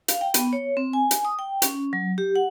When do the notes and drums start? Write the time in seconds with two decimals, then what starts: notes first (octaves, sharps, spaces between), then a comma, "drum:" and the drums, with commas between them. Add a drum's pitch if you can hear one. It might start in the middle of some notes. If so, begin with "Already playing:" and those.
0.08 F5, drum: hi-hat
0.21 G5
0.34 B3, drum: hi-hat
0.53 C#5
0.77 C4
0.93 G#5
1.11 drum: hi-hat
1.25 D#6
1.39 G5
1.62 C#4, drum: hi-hat
1.93 F#3
2.18 G4
2.36 F#5